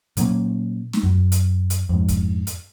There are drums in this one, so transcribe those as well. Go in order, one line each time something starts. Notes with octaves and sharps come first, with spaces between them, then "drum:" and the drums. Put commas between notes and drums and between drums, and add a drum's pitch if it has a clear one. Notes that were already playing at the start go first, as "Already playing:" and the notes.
A#2 F#3 A#3 C#4, drum: hi-hat
drum: snare
F#2
drum: hi-hat
drum: hi-hat
F2 G#2
drum: kick, hi-hat
drum: hi-hat